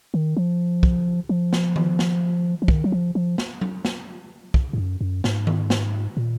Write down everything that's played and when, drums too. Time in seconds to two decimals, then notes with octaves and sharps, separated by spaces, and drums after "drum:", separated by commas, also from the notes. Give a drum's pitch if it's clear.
0.14 D#3
0.37 F3
0.83 drum: kick
1.29 F3
1.53 drum: snare
1.76 drum: tom D#3
1.99 drum: snare
2.62 F3
2.68 D#3, drum: kick
2.84 F#3
2.92 F3
3.15 F3
3.38 drum: snare
3.61 drum: tom F#3
3.85 drum: snare
4.54 drum: kick
4.73 G#2
4.78 F#2
5.01 F#2
5.24 G#2, drum: snare
5.47 drum: tom D#3
5.70 drum: snare
6.17 A#2